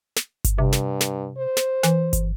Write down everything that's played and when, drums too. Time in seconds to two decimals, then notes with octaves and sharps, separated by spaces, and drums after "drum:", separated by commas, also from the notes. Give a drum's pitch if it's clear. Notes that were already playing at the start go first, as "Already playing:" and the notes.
0.16 drum: snare
0.44 drum: kick G1, hi-hat
0.58 G2 C3
0.73 drum: snare
1.01 drum: snare
1.38 C5
1.57 drum: snare
1.83 E3, drum: snare
2.13 drum: kick G1, hi-hat